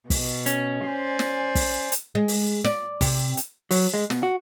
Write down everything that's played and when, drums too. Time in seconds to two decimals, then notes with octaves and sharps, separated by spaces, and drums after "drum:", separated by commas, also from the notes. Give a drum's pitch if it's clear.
0.10 B2, drum: kick, open hi-hat
0.46 C#4, drum: hi-hat
0.88 C5 D5 G#5
1.19 drum: snare
1.55 drum: kick, open hi-hat
1.92 drum: hi-hat
2.15 G#3
2.28 drum: open hi-hat
2.64 D5, drum: snare
3.01 C3, drum: kick, open hi-hat
3.37 drum: hi-hat
3.71 F#3, drum: open hi-hat
3.94 G#3
4.10 B2, drum: snare
4.23 F#4